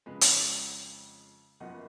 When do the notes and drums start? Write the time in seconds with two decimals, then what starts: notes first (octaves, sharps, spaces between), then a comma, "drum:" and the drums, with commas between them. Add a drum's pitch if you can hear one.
0.06 F2 C#3 G#3 B4 D#5
0.21 drum: hi-hat
1.60 F#1 F#2 F3 B3 D#5 F#5